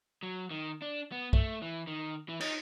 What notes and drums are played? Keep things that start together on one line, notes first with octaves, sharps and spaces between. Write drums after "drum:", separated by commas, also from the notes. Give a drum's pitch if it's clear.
F#3
D#3
D4
B3
A3, drum: kick
E3
D#3
E3
D#4, drum: cymbal